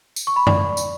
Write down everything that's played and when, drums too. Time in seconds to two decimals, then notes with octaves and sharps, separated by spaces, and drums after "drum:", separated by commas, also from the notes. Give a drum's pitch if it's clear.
0.16 drum: tambourine
0.27 C#6
0.36 B5
0.47 D5, drum: tom F#2
0.77 drum: tambourine